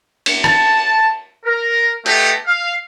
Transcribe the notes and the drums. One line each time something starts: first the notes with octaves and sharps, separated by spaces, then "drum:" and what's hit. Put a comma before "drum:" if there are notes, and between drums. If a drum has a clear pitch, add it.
drum: cymbal
A5, drum: rim click
A#4
A3 B3 D#4 G4, drum: hi-hat
F5